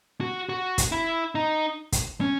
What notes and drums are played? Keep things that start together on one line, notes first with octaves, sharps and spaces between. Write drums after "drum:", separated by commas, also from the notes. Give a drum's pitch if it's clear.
F#4
F#4
drum: kick, hi-hat
E4
D#4
drum: kick, hi-hat
C#4